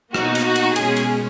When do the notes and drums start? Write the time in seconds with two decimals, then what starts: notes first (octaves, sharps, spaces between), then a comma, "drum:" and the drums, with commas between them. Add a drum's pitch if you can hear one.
0.14 B2 A#3 D#4 F#4, drum: rim click
0.35 drum: cymbal
0.45 F#4
0.56 drum: cymbal
0.76 B2 G#3 C#4 G#4, drum: cymbal
0.97 drum: cymbal